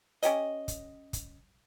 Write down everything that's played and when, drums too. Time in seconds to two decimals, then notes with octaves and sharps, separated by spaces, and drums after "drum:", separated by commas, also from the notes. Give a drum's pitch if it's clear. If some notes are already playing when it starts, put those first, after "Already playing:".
0.23 C#4 G4 C#5 D#5, drum: hi-hat
0.68 drum: kick, hi-hat
1.13 drum: kick, hi-hat